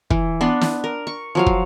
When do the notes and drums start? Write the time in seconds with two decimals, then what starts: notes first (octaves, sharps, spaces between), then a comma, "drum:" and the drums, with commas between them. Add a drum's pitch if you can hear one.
0.10 E3, drum: kick
0.41 B3 D4 B4 C6
0.61 drum: snare
0.84 A#4
1.07 C#6
1.35 F3 F#3 F5
1.46 drum: kick